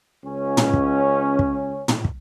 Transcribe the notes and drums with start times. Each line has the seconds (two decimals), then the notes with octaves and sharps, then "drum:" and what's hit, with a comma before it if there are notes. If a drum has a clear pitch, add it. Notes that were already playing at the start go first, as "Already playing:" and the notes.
0.24 C#2 C#4
0.57 drum: tom
0.74 drum: kick
1.39 drum: kick
1.88 drum: tom
2.05 drum: kick